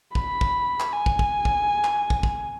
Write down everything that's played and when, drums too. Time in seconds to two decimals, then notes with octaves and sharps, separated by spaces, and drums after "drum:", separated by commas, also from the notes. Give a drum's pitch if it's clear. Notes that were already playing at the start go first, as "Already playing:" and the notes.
0.15 B5, drum: kick
0.41 drum: kick
0.80 drum: clap
0.93 G#5
1.06 drum: kick
1.19 drum: kick
1.45 drum: kick
1.84 drum: clap
2.10 drum: kick
2.23 drum: kick